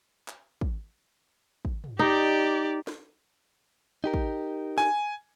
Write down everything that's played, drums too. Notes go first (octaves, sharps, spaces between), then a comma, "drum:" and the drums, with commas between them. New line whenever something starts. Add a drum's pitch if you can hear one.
drum: clap
drum: kick
drum: kick
drum: tom
D#4 G4 D5
drum: snare
D#4 G4 A#4
drum: kick
G#5, drum: snare